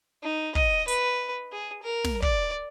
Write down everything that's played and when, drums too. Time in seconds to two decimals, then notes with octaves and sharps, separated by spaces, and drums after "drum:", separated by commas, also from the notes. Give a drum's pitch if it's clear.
0.23 D#4
0.55 D#5, drum: kick
0.88 B4, drum: hi-hat
1.52 G#4
1.83 A#4
2.04 drum: snare
2.22 D5, drum: kick